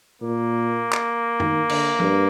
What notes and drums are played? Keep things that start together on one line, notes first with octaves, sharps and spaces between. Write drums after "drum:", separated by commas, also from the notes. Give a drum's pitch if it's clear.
A#2 A#3
drum: clap
D#3, drum: tom F#2
D3, drum: cymbal
G2, drum: tom